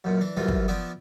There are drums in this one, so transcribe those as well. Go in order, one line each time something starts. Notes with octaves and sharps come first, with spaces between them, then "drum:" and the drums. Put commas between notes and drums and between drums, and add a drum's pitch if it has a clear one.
B1 F#2 A#2
E3 D4
C2 F#2 E3 A3 F4
drum: kick
F3 B3 D4 D5 E5